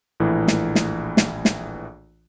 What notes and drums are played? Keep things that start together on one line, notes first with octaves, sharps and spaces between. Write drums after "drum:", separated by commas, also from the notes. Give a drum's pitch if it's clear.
A#1 A2 E3
drum: snare
drum: snare
drum: snare
drum: snare